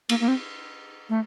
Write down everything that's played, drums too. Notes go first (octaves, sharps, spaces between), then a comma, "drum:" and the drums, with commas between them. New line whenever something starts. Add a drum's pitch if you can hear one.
A#3, drum: cymbal
A#3
C4
A3